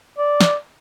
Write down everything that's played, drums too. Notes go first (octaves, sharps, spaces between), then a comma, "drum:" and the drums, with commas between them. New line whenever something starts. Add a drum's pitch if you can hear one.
D5
drum: snare